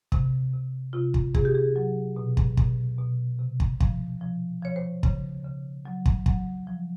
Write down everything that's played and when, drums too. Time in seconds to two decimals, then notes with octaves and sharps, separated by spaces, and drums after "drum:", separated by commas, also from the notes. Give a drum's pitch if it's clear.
0.12 C3, drum: kick
0.53 C3
0.93 C3 F4
1.14 drum: kick
1.34 C3 G#4, drum: kick
1.45 G4
1.55 G#4
1.76 F#3
2.16 B2
2.37 drum: kick
2.57 B2, drum: kick
2.98 B2
3.39 C3
3.60 drum: kick
3.80 F3, drum: kick
4.21 F3
4.62 F3 C#5
4.76 C5
5.03 C#3, drum: kick
5.44 C#3
5.85 F#3
6.06 drum: kick
6.26 F#3, drum: kick
6.67 F3